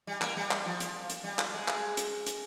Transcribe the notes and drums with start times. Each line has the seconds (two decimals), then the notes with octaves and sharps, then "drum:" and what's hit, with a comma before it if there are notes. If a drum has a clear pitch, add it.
0.07 G3
0.22 A#3, drum: clap
0.36 G3
0.51 drum: clap
0.66 F3
0.80 drum: hi-hat
1.10 drum: hi-hat
1.24 G3
1.39 drum: clap
1.54 G#3
1.68 drum: clap
1.97 drum: hi-hat
2.26 drum: hi-hat